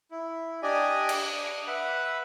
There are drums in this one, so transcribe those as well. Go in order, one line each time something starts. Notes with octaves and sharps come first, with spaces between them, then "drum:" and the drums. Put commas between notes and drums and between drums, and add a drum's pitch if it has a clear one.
E4
D4 G4 D5 D#5 G#5
drum: cymbal
D4 D#6
B4 E5 F#5 B5